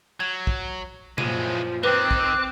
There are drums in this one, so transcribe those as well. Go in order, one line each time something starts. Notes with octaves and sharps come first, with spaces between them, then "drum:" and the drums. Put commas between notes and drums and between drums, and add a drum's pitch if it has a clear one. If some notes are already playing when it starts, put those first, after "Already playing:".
F#3 G#6
drum: kick
F#2 A#2 E3 F3 G#3 D#7, drum: tom
D#3 C4 B4 D6 F#6
drum: kick